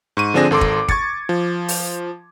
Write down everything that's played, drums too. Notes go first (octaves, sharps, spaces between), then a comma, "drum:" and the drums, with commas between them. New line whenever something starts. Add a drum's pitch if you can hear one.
G#2 C#6 D#7
D3 F3 C4 D4 G#4 A#6
G#1 A4 C6 D6
drum: kick
C#6 G#6 A6 C#7, drum: kick
F3
drum: open hi-hat